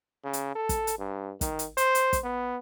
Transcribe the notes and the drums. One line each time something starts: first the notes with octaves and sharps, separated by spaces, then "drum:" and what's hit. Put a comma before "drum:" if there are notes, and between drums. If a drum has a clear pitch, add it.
C#3
drum: hi-hat
A4
drum: kick, hi-hat
drum: hi-hat
G2
D#3, drum: kick, hi-hat
drum: hi-hat
C5, drum: hi-hat
drum: hi-hat
drum: kick, hi-hat
B3